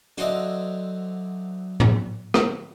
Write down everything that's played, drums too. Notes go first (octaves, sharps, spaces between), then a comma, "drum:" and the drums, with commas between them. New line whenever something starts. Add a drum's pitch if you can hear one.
D3 F#3 C4 D4 D#5 E5, drum: hi-hat
drum: tom
drum: rim click